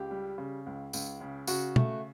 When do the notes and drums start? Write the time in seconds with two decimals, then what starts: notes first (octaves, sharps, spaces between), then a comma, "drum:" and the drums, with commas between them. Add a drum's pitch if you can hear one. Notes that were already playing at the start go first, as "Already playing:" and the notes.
Already playing: C#2 G4
0.11 G3
0.38 C#3
0.66 C#2
0.93 C#2, drum: tambourine
1.21 C#3
1.47 C#3 F#4, drum: tambourine
1.76 A3, drum: tom